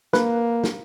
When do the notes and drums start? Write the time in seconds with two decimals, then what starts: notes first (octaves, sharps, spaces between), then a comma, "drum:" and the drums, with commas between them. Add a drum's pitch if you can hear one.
0.13 A#3 B4, drum: snare
0.64 drum: snare